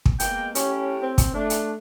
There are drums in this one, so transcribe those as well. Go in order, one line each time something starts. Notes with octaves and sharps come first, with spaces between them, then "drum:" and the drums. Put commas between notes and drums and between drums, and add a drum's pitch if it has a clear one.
drum: kick
G#3 A#3 B3 G5, drum: hi-hat
A2 C#4 G4, drum: hi-hat
C4
drum: kick, hi-hat
A3 D4
drum: hi-hat